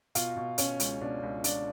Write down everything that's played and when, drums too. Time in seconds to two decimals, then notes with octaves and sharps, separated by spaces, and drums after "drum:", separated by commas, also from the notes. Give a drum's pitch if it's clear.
0.15 B2 F4, drum: hi-hat
0.36 B2
0.58 B2 C#4, drum: hi-hat
0.80 C#2, drum: hi-hat
1.01 B2 D4
1.23 C#2
1.44 C#2 D4, drum: hi-hat